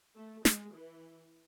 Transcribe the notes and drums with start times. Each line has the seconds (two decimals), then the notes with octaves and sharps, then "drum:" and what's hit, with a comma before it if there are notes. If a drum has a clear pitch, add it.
0.16 A3
0.45 G#3, drum: snare
0.73 E3